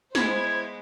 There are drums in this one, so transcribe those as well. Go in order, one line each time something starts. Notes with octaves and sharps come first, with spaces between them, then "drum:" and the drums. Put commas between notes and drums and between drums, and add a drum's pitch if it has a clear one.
G#3 B3 E4 C5 C#5 G#6, drum: snare